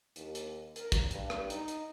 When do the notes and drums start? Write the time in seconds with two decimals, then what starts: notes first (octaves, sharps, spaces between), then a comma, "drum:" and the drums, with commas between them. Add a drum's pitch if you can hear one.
0.16 D#2, drum: hi-hat
0.35 drum: hi-hat
0.76 A#4, drum: hi-hat
0.92 drum: kick, hi-hat
1.11 G2, drum: hi-hat
1.30 drum: rim click
1.50 D#4, drum: hi-hat
1.68 drum: hi-hat